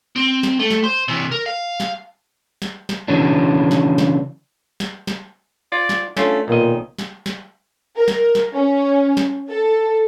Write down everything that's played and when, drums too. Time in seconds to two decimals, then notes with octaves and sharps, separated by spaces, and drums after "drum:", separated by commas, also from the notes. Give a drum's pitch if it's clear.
0.16 C4
0.43 drum: snare
0.60 A3
0.71 drum: snare
0.84 C5
1.08 C3 E3
1.31 A#4
1.46 F5
1.80 drum: snare
2.62 drum: snare
2.89 drum: snare
3.08 C#3 E3 F#3 D4
3.71 drum: snare
3.98 drum: snare
4.80 drum: snare
5.07 drum: snare
5.72 F4 D5
5.89 drum: snare
6.17 A3 C#4 D4 F4, drum: snare
6.48 B1 A#2 D#3 D#5
6.99 drum: snare
7.26 drum: snare
7.97 A#4
8.08 drum: snare
8.35 drum: snare
8.53 C#4
9.17 drum: snare
9.50 A4